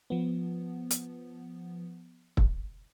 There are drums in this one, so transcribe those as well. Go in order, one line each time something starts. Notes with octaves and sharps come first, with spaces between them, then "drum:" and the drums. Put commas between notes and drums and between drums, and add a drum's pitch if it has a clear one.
F3 B3
drum: hi-hat
drum: kick